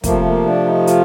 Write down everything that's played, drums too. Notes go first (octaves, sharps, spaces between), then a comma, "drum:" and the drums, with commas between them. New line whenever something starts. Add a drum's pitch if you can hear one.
C3 F3 A3 A#3, drum: kick, hi-hat
A#3
D4
D#4
F4, drum: hi-hat